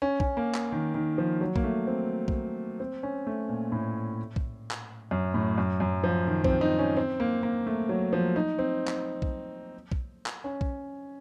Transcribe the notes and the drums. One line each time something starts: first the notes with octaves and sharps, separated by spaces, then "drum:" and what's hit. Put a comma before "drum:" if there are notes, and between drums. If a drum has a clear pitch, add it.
C#4
C#4, drum: kick B1
A#3
drum: clap
D#3
D#3
F3
F#3
A#3, drum: kick B1
A3
C4
drum: kick B1
C4
C#4
A3
A#2
A2
drum: kick B1
drum: clap
F#2
A2
F#2
F#2
F3
D#3
C4, drum: kick B1
D#4
C#4
C4
A#3
A#3
A3
F#3
F3
D#4
C4
drum: clap
drum: kick B1
drum: kick B1
drum: clap
C#4
drum: kick B1